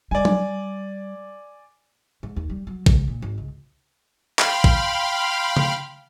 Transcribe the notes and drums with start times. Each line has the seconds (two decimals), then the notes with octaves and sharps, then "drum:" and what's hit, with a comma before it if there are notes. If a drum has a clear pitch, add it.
0.11 G3 D5 G#5
0.25 drum: tom F#3
2.23 G#2
2.36 D#2
2.50 G3
2.67 F#3
2.86 C#2, drum: kick
3.08 A#2
3.22 G#1
3.38 C#2
4.39 F5 G5 B5 C6 F6, drum: clap
4.64 drum: kick
5.57 drum: tom C#3